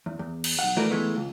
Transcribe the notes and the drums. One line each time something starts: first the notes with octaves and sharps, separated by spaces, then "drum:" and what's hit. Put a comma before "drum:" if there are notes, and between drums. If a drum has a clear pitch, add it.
E2
E2
drum: cymbal
B1 F#5
E3 A3 F#4 A#4 B4 D5
E3 G#3 A3 B3
C#2